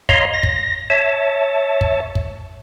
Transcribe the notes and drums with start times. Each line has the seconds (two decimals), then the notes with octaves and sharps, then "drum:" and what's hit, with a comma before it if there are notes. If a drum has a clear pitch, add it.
0.09 C#5 D#5 F5 A#5 C6, drum: kick
0.34 A#6
0.43 drum: kick
0.90 C#5 E5 A5
1.81 drum: kick
2.15 drum: kick